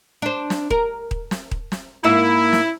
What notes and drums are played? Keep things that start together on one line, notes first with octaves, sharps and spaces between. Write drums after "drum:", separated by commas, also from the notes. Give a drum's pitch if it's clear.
D4 C5
drum: snare
A#4, drum: kick D#1
drum: kick D#1
drum: snare
drum: kick D#1
drum: snare
G#2 A#3 E4 E5
drum: snare